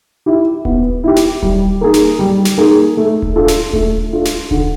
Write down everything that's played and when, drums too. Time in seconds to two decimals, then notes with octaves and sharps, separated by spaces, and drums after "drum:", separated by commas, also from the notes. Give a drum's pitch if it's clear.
0.26 E4 G4
0.65 B3, drum: kick D#1
1.04 E4 G4
1.16 drum: snare
1.43 G3, drum: kick D#1
1.81 A#3 D#4 G#4
1.94 drum: snare
2.19 G3
2.45 drum: snare
2.58 A#3 D#4 G#4
2.97 A3
3.22 drum: kick D#1
3.36 D4 F4 A4
3.48 drum: snare
3.73 A3, drum: kick D#1
4.13 D4 F4 A4
4.25 drum: snare
4.51 D3, drum: kick D#1